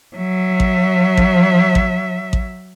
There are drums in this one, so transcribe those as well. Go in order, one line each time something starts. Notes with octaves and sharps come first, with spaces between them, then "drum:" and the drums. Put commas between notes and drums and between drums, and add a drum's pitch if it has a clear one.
F#3 E5
drum: kick A1
drum: kick A1
drum: kick A1
drum: kick A1